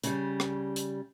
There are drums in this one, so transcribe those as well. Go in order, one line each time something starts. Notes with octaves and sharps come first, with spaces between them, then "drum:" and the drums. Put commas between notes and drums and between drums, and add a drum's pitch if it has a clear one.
C#3 G3, drum: hi-hat
drum: rim click
drum: hi-hat